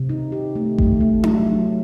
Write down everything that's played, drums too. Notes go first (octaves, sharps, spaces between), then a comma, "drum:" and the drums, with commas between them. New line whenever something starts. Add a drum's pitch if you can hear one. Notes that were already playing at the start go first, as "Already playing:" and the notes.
Already playing: C3
D#4
G4
A3
A3, drum: kick G#1
A3
F#3, drum: tom D4
F#3